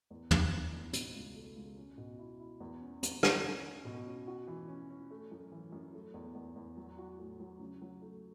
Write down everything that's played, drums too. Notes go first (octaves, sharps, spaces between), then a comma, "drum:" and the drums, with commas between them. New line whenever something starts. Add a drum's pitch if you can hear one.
E2
E2, drum: tom
E3
E2
B2, drum: hi-hat
C#2
A3
C#2
C#4
B2
E4
E4
E2
C#4
E2, drum: hi-hat
C#4, drum: rim click
C#4
C#4
B2
C#4
F#4
E3
C#4
C#4
A3
F#2
E3
F#2
A3
E2
E2
E2
F#3
F#4
A2
F#3
C#3
F#3
A3